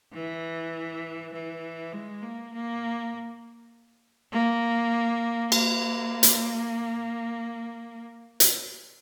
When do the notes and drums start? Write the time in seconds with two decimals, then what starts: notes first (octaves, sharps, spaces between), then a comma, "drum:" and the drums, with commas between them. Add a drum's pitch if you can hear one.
0.13 E3
1.33 E3
1.92 G#3
2.22 A#3
2.53 A#3
4.32 A#3
5.52 A#3, drum: cymbal
6.23 drum: hi-hat
8.40 drum: hi-hat